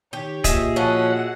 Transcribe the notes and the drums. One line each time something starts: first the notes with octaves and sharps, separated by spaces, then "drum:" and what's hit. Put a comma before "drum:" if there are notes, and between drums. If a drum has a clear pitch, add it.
D#3 G4 C#5
A#2 G#4 D#5 E5, drum: kick, hi-hat
F3 C#4 F#4 F#5